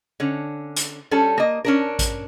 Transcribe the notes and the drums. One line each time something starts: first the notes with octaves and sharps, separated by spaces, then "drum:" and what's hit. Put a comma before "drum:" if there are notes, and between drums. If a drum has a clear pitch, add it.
D3 C#4
drum: hi-hat
G3 C#4 A4
A#3 D#5
C#4 D4 A#4
drum: kick A1, hi-hat